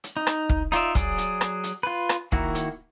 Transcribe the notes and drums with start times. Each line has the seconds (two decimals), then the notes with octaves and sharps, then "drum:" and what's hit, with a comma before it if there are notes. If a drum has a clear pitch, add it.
0.04 drum: hi-hat
0.17 D#4
0.27 drum: rim click
0.49 drum: kick
0.72 D#4 F4 D5 E5, drum: hi-hat
0.95 F#3 G#4 D5, drum: kick, hi-hat
1.18 drum: hi-hat
1.41 drum: rim click
1.64 drum: hi-hat
1.83 F4 B4
2.09 drum: rim click
2.32 D#3 A#3 E4 F#4, drum: kick
2.55 drum: hi-hat